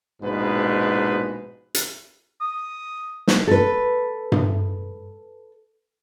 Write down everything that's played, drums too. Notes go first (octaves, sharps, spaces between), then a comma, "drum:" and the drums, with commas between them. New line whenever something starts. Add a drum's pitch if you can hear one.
A#1 G#2 B2 B4
drum: hi-hat
D#6
drum: snare
A4 B4
drum: tom G2